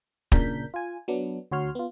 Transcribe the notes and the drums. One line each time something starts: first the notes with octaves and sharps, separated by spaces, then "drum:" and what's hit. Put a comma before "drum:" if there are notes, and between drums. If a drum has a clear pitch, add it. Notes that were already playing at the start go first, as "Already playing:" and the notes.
A#2 C#3 D4 A#4 G6 B6, drum: kick
F4 G#5
F#3 B3 D4
D2 F#4 C#5 C6 F6
B3 F4